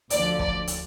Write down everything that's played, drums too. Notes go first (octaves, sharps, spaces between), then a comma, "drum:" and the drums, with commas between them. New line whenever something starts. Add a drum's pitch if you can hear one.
D2 D3 F3 D5, drum: hi-hat
D5, drum: kick
drum: hi-hat